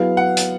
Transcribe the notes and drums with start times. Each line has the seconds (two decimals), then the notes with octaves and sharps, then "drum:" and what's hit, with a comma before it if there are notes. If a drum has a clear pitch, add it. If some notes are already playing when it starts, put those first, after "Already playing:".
Already playing: F#3 B3 E4 G#4 F5
0.17 F#5
0.37 drum: hi-hat